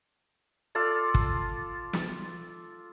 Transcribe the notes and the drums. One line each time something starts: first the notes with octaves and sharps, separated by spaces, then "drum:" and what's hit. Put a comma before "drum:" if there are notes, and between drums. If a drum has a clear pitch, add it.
F4 A4 D5
drum: kick
drum: snare